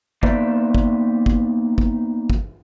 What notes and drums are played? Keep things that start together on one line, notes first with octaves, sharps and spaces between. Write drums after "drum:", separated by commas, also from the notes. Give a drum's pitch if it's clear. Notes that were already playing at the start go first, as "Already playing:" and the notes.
A#3 B3 D#4 C5 D5 E5, drum: kick
drum: kick
drum: kick
drum: kick
drum: kick